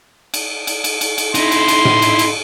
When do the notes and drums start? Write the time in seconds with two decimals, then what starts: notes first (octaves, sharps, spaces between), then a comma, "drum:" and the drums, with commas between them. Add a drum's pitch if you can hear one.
0.34 drum: cymbal
0.67 drum: cymbal
0.84 drum: cymbal
1.01 drum: cymbal
1.18 drum: cymbal
1.35 D#4 E4 C6, drum: cymbal
1.51 drum: cymbal
1.68 drum: cymbal
1.85 drum: tom A2
2.02 drum: cymbal
2.19 drum: cymbal